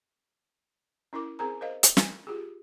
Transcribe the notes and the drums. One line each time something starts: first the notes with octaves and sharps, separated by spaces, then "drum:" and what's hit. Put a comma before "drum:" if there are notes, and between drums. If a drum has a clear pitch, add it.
C#4 E4 A#4 D6
C4 G#4 A#4 C5 A#5
A#4 C5 D#5 F5
drum: hi-hat
G#5, drum: snare
F4 G4 G#4